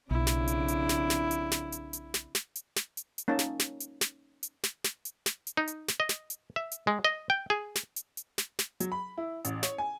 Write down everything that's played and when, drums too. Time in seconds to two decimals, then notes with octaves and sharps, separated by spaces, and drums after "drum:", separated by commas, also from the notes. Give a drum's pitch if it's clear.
0.11 B1 F2 C#3 D4 E4
0.27 drum: snare
0.48 drum: hi-hat
0.68 drum: hi-hat
0.89 drum: snare
1.10 drum: snare
1.31 drum: hi-hat
1.52 drum: snare
1.72 drum: hi-hat
1.93 drum: hi-hat
2.14 drum: snare
2.35 drum: snare
2.56 drum: hi-hat
2.76 drum: snare
2.97 drum: hi-hat
3.18 drum: hi-hat
3.28 A#3 C#4 D#4 A5
3.39 drum: snare
3.59 drum: snare
3.80 drum: hi-hat
4.01 drum: snare
4.43 drum: hi-hat
4.63 drum: snare
4.84 drum: snare
5.05 drum: hi-hat
5.26 drum: snare
5.47 drum: hi-hat
5.57 D#4
5.67 drum: hi-hat
5.88 drum: snare
6.00 D#5
6.09 drum: snare
6.30 drum: hi-hat
6.56 E5
6.71 drum: hi-hat
6.87 G#3
7.04 D#5
7.30 G5
7.50 G#4
7.75 drum: snare
7.96 drum: hi-hat
8.17 drum: hi-hat
8.38 drum: snare
8.59 drum: snare
8.80 F#3, drum: hi-hat
8.92 B5
9.18 E4
9.45 A1, drum: hi-hat
9.63 C#5, drum: snare
9.78 G#5